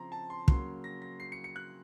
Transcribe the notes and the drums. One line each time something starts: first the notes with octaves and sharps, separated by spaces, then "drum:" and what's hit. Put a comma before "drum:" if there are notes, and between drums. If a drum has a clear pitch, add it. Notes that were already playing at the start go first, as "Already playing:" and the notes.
Already playing: C#3 F3 C4 A#5 C6
A5
C6
C#3 F#3 A#3 C6, drum: kick
A#6
A#6
C7
C#7
C#7
F#6